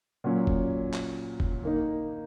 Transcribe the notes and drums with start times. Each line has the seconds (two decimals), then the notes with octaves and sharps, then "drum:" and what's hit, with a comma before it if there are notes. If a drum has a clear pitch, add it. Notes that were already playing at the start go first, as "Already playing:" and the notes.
0.24 A#2 F#3 C#4
0.47 drum: kick
0.94 drum: clap
1.40 drum: kick
1.64 D#3 A#3 D#4